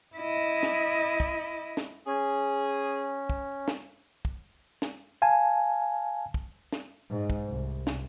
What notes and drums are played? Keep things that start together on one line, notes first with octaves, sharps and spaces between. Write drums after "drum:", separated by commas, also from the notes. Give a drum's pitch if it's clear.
E4 D#5
drum: snare
drum: kick
drum: snare
C#4 G#4
drum: kick
drum: snare
drum: kick
drum: snare
F5 G#5 A5
drum: kick
drum: snare
G#2
drum: kick
C2
drum: snare